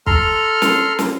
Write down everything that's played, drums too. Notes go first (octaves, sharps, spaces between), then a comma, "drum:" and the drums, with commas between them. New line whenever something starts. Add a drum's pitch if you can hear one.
A4 A#5 C6 F6, drum: kick
drum: snare
drum: snare